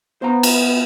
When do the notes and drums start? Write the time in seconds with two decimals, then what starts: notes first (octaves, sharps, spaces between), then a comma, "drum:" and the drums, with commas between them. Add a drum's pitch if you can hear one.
0.22 B3 C5 F5 A#5
0.43 drum: cymbal